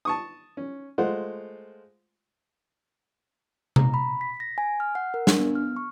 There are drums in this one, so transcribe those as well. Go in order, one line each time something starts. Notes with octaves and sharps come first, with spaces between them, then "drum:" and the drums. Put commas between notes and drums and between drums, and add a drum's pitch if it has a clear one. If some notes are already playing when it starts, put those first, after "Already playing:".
A5 C#6 D#6
C#4
G#3 A3 F4 C5 F#5
A#5, drum: tom C3
B5
B6
A#6
G#5
F6
F#5
A#4
D4, drum: snare
B3
F6
C#6